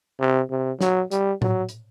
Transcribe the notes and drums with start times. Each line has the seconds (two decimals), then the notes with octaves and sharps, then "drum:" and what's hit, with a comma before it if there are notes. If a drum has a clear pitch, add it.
0.20 C3
0.50 C3
0.81 F#3, drum: snare
1.11 G3, drum: hi-hat
1.42 F#3, drum: tom A2
1.69 drum: hi-hat